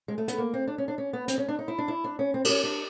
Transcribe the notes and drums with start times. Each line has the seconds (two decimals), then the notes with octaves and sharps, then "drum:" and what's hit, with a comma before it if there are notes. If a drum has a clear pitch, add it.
0.08 G#3
0.18 A3
0.28 B3, drum: hi-hat
0.38 A#3
0.54 C4
0.68 D4
0.78 C#4
0.88 D4
0.98 C#4
1.13 B3
1.28 C4, drum: hi-hat
1.38 C#4
1.48 D4
1.59 D#4
1.68 E4
1.78 D4
1.88 E4
2.04 D4
2.19 C#4
2.34 C4
2.45 D4, drum: cymbal
2.49 C#4
2.64 D4